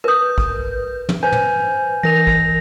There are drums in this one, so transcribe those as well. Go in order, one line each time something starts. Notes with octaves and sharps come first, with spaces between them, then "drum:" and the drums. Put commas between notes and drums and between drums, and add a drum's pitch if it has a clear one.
A#4 B4 D#6 G6
drum: kick
drum: tom
B4 C5 G#5 G6
drum: tom
E3 A#4 A#6 F7
drum: kick